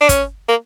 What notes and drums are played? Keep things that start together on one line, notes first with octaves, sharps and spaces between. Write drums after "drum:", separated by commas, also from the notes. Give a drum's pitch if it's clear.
D4
C#4, drum: kick, hi-hat
A#3